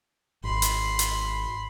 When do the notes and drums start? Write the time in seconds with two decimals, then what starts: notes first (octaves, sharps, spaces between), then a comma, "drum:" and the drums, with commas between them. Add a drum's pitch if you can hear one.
0.44 G#1 B5 C6
0.62 drum: hi-hat
0.99 drum: hi-hat